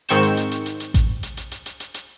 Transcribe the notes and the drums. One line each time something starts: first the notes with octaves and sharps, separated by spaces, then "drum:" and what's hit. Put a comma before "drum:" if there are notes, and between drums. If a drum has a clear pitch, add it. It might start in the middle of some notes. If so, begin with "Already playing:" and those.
G#2 D#3 C4 C#6 G6 E7, drum: hi-hat
drum: hi-hat
drum: hi-hat
drum: hi-hat
drum: hi-hat
drum: hi-hat
drum: kick A1, hi-hat
drum: hi-hat
drum: hi-hat
drum: hi-hat
drum: hi-hat
drum: hi-hat
drum: hi-hat